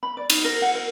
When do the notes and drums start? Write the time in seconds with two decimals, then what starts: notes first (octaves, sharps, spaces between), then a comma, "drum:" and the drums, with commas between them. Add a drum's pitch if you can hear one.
0.03 B5
0.17 D5
0.30 D#4, drum: cymbal
0.44 A#4
0.62 F#5
0.75 A#4